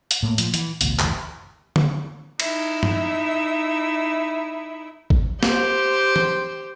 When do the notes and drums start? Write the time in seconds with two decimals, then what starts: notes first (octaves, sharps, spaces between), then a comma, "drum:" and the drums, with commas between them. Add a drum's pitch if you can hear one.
0.11 drum: hi-hat
0.23 A2 A#3
0.38 A#2 F3, drum: hi-hat
0.54 E3, drum: hi-hat
0.81 A1 D2 B2, drum: hi-hat
0.99 F#1 D2 E3, drum: clap
1.76 drum: tom D3
2.40 D#4 E4 E5, drum: cymbal
2.83 drum: tom G2
5.10 drum: kick A1
5.43 G4 C5, drum: snare
6.16 drum: tom E3